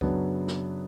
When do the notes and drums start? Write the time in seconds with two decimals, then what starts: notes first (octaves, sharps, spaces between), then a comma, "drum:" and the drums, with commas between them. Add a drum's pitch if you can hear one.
0.01 F#2 C#3 F#3 B3 D4, drum: kick C#2
0.48 drum: snare